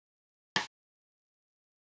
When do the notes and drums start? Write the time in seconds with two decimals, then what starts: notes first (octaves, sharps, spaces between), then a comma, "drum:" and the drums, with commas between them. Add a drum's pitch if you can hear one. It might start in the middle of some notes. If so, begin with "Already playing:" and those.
0.07 D#3 G3 A3 D4
0.56 drum: rim click